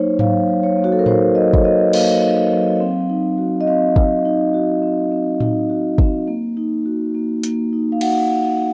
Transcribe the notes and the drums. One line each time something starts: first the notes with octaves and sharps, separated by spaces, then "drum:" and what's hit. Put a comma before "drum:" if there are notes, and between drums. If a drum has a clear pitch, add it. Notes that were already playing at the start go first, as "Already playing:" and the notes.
Already playing: F#3 A#3 D#4 C5 C#5
F#3 F5, drum: tom G#2
F#3
C#5
A#3
F#4
A4
A#4
D#4 C5, drum: tom A2
F#3 D#5
C#5, drum: kick
F#3 D#5
A#3 F5, drum: cymbal
D#4
F#3
C4
D#4
F#4
D#5
C4 F5
C4, drum: kick
D#4
F#4
C4
C4
D#4, drum: tom A2
F#4
C4, drum: kick
A#3
D#4
F#4
A#3
A#3, drum: hi-hat
D#4
F5
F#4 F#5, drum: cymbal
A#3